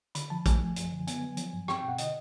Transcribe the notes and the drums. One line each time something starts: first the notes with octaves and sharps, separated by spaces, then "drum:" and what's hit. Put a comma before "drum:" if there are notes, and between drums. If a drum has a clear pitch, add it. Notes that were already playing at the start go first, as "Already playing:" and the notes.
D3 B5, drum: hi-hat
F3 A5
A3 G#5, drum: kick, hi-hat
F3
F#2, drum: hi-hat
D3
B3 G#5, drum: hi-hat
F#3
F3, drum: hi-hat
G2
C4 G5, drum: rim click
B2 G5
F#5
D3 D#5, drum: hi-hat